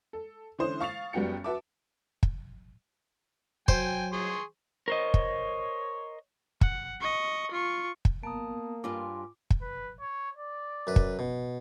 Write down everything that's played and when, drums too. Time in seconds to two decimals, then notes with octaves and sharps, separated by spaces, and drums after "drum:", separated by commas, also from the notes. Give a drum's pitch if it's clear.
0.13 A4
0.59 D3 E3 C#4 C5 D#6
0.80 F5 C#6 A6 C7 F7
1.13 F#1 G3 B3 F#4 G5 C#7
1.44 F#4 B4 E5 A5 D6
2.23 drum: kick
3.68 F#3 C5 G5 G#5, drum: kick
4.13 G#4 C6 C#6
4.88 A#4 C5 C#5 D#5
5.14 drum: kick
6.61 F#5, drum: kick
7.00 D#5 C#6
7.51 F4 C#6
8.05 drum: kick
8.23 A#3 B3 A5 A#5 D#6
8.84 G2 F4 G#5 C6 D6
9.50 drum: kick
9.61 B4
10.00 C#5
10.37 D5
10.87 F#2 B4
10.96 drum: kick
11.19 B2